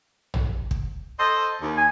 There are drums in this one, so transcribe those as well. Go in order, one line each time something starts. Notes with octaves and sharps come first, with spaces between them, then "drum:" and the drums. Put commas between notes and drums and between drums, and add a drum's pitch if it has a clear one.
drum: tom A#1
drum: kick
A4 C5 D#5
D#2
G#5